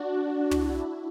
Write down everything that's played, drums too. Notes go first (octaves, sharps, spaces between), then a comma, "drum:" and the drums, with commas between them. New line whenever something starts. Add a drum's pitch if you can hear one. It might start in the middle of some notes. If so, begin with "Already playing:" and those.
Already playing: D4 F#4
E4, drum: tom